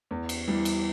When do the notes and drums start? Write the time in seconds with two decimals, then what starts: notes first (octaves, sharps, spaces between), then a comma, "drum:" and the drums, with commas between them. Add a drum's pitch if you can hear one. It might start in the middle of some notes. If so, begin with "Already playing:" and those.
0.11 E2
0.29 drum: cymbal
0.47 E3 G3
0.65 drum: cymbal